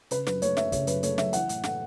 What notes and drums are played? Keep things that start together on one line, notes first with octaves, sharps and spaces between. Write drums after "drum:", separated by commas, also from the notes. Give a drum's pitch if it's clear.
C#3 B4, drum: hi-hat
F#2 B4, drum: snare
A3 C#5, drum: hi-hat
F#2 E5, drum: snare
C#3 C#5, drum: kick, hi-hat
F#2 B4, drum: hi-hat
A3 C#5, drum: hi-hat
F#2 E5, drum: snare
E3 F#5, drum: hi-hat
A2, drum: hi-hat
A3 F#5, drum: snare